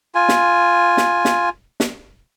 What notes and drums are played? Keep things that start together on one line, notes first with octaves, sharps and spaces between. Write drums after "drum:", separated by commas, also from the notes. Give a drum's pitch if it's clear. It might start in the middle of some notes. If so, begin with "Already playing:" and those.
F4 G#5
drum: snare
drum: snare
drum: snare
drum: snare